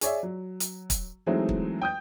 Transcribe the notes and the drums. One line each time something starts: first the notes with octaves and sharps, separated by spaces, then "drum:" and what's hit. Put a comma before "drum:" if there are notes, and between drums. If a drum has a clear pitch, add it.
G#4 C#5 D5 E5, drum: hi-hat
F#3
drum: hi-hat
drum: kick, hi-hat
E3 F#3 G#3 A3 C4 D#4
drum: kick
G5 D#6 G6